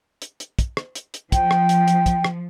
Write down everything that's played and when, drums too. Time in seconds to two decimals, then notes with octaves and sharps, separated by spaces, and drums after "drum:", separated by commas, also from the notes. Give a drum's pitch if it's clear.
0.22 drum: hi-hat
0.40 drum: hi-hat
0.59 drum: kick, hi-hat
0.77 drum: rim click
0.95 drum: hi-hat
1.14 drum: hi-hat
1.32 F3 G5, drum: kick, hi-hat
1.51 drum: rim click
1.69 drum: hi-hat
1.88 drum: hi-hat
2.06 drum: kick, hi-hat
2.24 drum: rim click